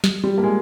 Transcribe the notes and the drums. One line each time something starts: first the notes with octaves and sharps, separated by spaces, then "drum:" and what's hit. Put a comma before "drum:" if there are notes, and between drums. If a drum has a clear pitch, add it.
drum: snare
G3
A#3
G#3